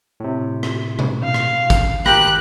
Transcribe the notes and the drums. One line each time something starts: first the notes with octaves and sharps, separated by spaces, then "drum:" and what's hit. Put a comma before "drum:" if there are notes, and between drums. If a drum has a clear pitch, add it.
A2 C3
drum: rim click
drum: tom B2
F5
drum: rim click
drum: kick, hi-hat
G#1 G4 A#4 F#6 A#6, drum: rim click